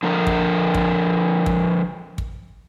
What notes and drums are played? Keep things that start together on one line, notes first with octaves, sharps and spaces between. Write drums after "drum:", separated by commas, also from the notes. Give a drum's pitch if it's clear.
D3 F3 A#4
drum: kick
drum: kick
drum: kick
drum: kick